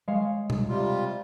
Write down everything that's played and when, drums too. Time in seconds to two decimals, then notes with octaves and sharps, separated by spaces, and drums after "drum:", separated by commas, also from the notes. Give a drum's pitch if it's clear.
0.08 G#3 C#5 F5
0.50 drum: tom B2
0.68 C3 G3 F4